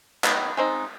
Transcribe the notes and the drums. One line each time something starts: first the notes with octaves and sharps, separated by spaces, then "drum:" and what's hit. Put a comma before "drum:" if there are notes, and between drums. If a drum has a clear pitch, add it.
D#3 F#3 B3, drum: clap
G#3 C4 D#4